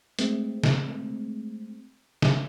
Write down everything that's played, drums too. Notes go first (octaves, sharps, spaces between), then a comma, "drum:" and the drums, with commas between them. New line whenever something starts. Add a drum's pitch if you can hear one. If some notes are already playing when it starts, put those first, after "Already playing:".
G#3 A3 C4, drum: hi-hat
drum: snare
drum: snare